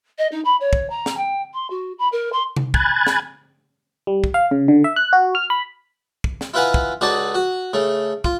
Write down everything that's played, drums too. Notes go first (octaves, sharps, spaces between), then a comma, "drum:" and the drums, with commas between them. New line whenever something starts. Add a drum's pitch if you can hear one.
D#5
D#4
B5
C#5
drum: kick
A#5
drum: snare
G5
C6
F#4
B5
A#4
C6
drum: tom C3
G#5 B5 F#6 G#6 A6, drum: kick
drum: snare
G3
drum: kick
F5
C#3
D3
E5
F#6
F#4
F6
B5
drum: kick
drum: snare
E4 F4 B4 F#5 G#5 A#5
drum: kick
C#2 D#4 F#4 A4 D5
F#4
C#3 A3
F4, drum: kick